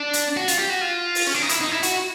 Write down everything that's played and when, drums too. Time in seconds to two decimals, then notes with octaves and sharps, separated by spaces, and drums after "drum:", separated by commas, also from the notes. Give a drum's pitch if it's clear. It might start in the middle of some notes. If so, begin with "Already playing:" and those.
Already playing: D4
0.13 drum: hi-hat
0.37 F#4
0.48 F4, drum: hi-hat
0.59 G4
0.70 F#4
0.81 F4
1.15 drum: open hi-hat
1.27 C#4
1.34 D4
1.42 D#4
1.49 E4, drum: hi-hat
1.61 D#4
1.71 E4
1.83 F#4, drum: hi-hat